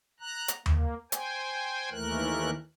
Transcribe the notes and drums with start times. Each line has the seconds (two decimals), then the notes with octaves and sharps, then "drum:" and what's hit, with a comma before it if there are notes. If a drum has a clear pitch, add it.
0.20 A#5 F#6
0.48 drum: hi-hat
0.66 A#3, drum: tom D#2
1.12 C5 G5 G#5, drum: hi-hat
1.91 D#2 E3 A3 A#4 F#6